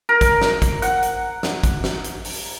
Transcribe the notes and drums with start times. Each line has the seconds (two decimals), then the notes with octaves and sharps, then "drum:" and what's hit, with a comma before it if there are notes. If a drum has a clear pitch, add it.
0.09 A#4
0.21 drum: kick, hi-hat
0.42 drum: snare
0.62 drum: kick, hi-hat
0.82 F#5, drum: hi-hat
1.03 drum: hi-hat
1.43 drum: snare
1.63 drum: kick, hi-hat
1.84 drum: snare
2.04 drum: hi-hat
2.24 drum: open hi-hat